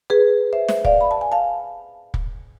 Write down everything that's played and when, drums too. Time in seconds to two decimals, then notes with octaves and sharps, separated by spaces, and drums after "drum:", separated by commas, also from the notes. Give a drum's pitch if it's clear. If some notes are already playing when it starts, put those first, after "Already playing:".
0.10 G#4 B4
0.53 C5 E5
0.68 C5 E5, drum: snare
0.85 D5 F5, drum: kick
1.01 B5
1.11 A5
1.21 G#5
1.32 F5 A5
2.14 drum: kick